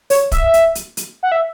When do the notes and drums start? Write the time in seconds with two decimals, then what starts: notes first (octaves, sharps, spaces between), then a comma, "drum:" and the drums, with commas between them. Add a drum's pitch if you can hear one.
0.10 C#5, drum: open hi-hat
0.32 E5, drum: kick, hi-hat
0.54 drum: hi-hat
0.75 drum: hi-hat
0.97 drum: hi-hat
1.23 F#5
1.32 E5